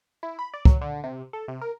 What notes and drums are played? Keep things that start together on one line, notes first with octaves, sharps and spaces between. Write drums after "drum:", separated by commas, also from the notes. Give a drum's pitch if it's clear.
E4
B5
D5
F#3, drum: kick
D3
C3
A4
C3
A#4